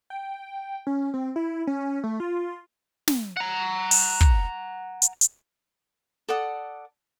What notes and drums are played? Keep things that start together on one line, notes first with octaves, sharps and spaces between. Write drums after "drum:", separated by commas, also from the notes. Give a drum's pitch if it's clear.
G5
C#4
C4
E4
C#4
A3
F4
drum: snare
F#5 A#5
drum: open hi-hat
drum: kick
drum: hi-hat
drum: hi-hat
A4 D5 F#5 D#6